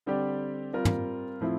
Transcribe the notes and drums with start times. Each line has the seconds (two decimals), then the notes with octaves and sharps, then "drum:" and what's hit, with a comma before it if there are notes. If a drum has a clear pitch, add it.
0.06 D3 G3 C4 G4 D5
0.73 G3 C4 F4 A#4
0.85 drum: tom
1.41 A2 F3 C4 E4